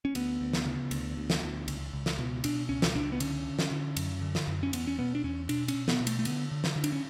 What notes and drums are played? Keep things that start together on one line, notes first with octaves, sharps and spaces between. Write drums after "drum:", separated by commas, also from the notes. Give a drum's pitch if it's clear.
C#4
D2 B3, drum: cymbal
D2
drum: snare
C#3
D2, drum: cymbal
D2
drum: snare
D2
C#2, drum: cymbal
C#2
drum: snare
B2
B2 D4, drum: cymbal
C#2 C#4
drum: snare
C#2 D4
B3
D3 C#4, drum: cymbal
D3
drum: snare
D3
F#2, drum: cymbal
D3
drum: snare
F#2
C#4
E2 B3, drum: cymbal
C#4
B2 B3
D4
E2 C#4
B2 D4, drum: cymbal
C#4, drum: cymbal
B2
B3, drum: snare
B2
A3, drum: cymbal
A3
D3 B3, drum: cymbal
D3
drum: snare
D3
D4, drum: cymbal
C#4